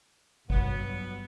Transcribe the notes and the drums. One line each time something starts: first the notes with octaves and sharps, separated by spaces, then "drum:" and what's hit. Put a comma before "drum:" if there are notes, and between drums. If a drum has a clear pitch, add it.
G2 F#3 G3 B3, drum: kick